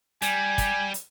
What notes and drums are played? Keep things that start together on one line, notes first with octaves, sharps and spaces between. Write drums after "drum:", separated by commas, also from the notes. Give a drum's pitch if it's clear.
G3 G#5, drum: hi-hat
drum: kick, hi-hat
drum: hi-hat